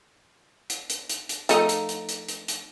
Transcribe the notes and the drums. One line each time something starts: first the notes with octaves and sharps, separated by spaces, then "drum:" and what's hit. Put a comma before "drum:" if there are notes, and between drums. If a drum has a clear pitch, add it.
drum: hi-hat
drum: hi-hat
drum: hi-hat
drum: hi-hat
F3 A3 D#4, drum: hi-hat
drum: hi-hat
drum: hi-hat
drum: hi-hat
drum: hi-hat
drum: hi-hat